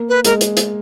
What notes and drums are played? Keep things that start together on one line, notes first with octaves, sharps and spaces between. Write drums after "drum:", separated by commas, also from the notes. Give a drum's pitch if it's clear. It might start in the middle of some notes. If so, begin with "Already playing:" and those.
Already playing: A#3
B4
G#3 A#4, drum: hi-hat
drum: hi-hat
drum: hi-hat